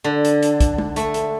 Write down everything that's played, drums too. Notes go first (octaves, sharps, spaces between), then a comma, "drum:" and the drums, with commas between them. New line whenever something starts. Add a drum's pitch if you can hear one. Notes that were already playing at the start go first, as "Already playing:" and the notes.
D3
drum: hi-hat
drum: hi-hat
drum: kick, hi-hat
drum: tom
A3, drum: hi-hat
drum: hi-hat